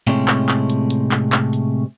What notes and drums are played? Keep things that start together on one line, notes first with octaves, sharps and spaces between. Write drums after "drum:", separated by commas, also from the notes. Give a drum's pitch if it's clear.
A2 C3 G#3 A3 C4 C#4, drum: hi-hat
drum: clap
drum: clap
drum: hi-hat
drum: hi-hat
drum: clap
drum: clap
drum: hi-hat